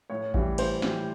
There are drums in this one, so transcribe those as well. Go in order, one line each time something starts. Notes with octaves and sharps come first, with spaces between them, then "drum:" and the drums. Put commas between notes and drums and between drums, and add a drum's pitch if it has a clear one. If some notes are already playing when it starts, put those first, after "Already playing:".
A2 C#5
E3 G3, drum: kick G#1
A2 C5, drum: cymbal
E3 G3, drum: snare